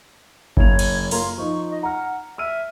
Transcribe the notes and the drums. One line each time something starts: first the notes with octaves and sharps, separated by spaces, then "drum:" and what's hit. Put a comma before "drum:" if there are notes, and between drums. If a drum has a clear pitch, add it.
F#1 A#3 C#5 F7, drum: kick G1
drum: cymbal
A#3 F4 A#4 C6, drum: open hi-hat
F3 D#4 C#6
D#5
F#5 A#5 F6
E5 E6 F6 D#7